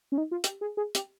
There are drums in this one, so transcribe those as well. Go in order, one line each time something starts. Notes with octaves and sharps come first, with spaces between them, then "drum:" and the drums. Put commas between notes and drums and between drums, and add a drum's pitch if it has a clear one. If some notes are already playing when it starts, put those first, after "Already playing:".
C#4
D#4
F4
G4, drum: hi-hat
G#4
G#4
G4, drum: hi-hat